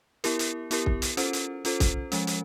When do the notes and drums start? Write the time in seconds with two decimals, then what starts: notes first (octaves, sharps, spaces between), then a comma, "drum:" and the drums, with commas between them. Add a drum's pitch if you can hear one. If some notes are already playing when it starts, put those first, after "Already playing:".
0.24 B3 E4 G4 A#4, drum: hi-hat
0.39 drum: hi-hat
0.71 B3 E4 G4 A#4, drum: hi-hat
0.86 drum: kick
1.02 drum: hi-hat
1.17 C#4 F4 A4 C5, drum: hi-hat
1.33 drum: hi-hat
1.65 C#4 F4 A4 C5, drum: hi-hat
1.80 drum: kick, hi-hat
2.12 F3 G#3 C#4, drum: hi-hat
2.27 drum: hi-hat